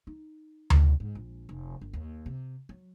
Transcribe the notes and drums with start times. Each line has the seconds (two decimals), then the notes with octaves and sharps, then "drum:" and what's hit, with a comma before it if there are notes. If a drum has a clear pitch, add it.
0.07 D#4
0.70 drum: tom D2
1.00 G#2
1.15 A#1
1.49 F1
1.81 G1
1.93 D#2
2.26 C3
2.69 F#3